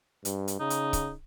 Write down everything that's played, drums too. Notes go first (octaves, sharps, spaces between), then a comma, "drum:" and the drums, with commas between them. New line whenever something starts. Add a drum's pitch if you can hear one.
G2, drum: hi-hat
drum: hi-hat
C#3 D#4
drum: hi-hat
drum: kick C#1, hi-hat